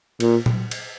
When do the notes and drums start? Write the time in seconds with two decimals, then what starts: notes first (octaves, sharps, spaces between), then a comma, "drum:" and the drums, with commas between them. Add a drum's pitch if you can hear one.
0.20 A#2, drum: cymbal
0.46 drum: tom A#2
0.71 drum: cymbal